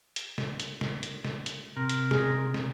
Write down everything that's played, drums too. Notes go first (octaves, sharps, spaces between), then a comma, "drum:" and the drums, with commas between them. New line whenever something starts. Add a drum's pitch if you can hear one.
drum: hi-hat
drum: snare
drum: hi-hat
drum: snare
drum: hi-hat
drum: snare
drum: hi-hat
C3 A#4
drum: hi-hat
G#4, drum: snare
drum: snare